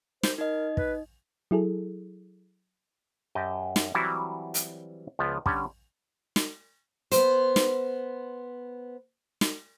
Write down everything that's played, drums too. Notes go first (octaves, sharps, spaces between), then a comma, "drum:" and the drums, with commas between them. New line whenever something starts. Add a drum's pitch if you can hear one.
C5, drum: snare
D#4 A#4 D#5
B4, drum: kick
F#3 E4 G#4 A4
F#2 G4 D#5 A5
drum: snare
E3 F#3 G3 C4 E4 F#4
drum: hi-hat
C#2 F3 B3
D3 G3 C#4, drum: kick
drum: snare
B3 C5, drum: hi-hat
drum: snare
drum: snare